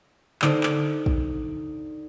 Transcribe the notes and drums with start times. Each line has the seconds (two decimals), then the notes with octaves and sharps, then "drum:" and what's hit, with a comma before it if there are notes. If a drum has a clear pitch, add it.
0.42 D3 D#4 C5, drum: clap
0.63 drum: clap
1.06 drum: kick